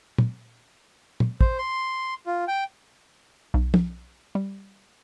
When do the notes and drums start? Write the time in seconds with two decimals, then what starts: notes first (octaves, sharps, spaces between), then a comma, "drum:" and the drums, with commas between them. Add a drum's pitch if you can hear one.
0.18 drum: tom
1.20 drum: tom
1.41 C5, drum: kick
1.58 C6
2.26 F4
2.48 G5
3.54 B1
3.74 drum: tom
4.35 G3